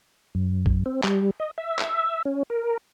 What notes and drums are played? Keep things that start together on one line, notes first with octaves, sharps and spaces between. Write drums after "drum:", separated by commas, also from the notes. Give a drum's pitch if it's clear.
F#2
drum: kick A1
C4
G3, drum: clap
D#5
E5
drum: clap
C#4
A#4